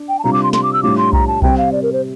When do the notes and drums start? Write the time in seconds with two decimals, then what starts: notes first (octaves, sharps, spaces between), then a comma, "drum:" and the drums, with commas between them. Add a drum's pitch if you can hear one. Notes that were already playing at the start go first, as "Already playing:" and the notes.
Already playing: D4
0.09 G5
0.19 A5
0.24 C3 G3 D4 F4 A#5
0.33 D6
0.43 C6
0.53 C6, drum: snare
0.63 D6
0.73 E6
0.83 A2 G3 D4 F4 D6
0.97 C6
1.13 A#5, drum: kick B1
1.27 A5
1.42 C3 G3 C4 G5, drum: kick B1
1.58 F5
1.72 D5
1.83 A#4
1.93 C5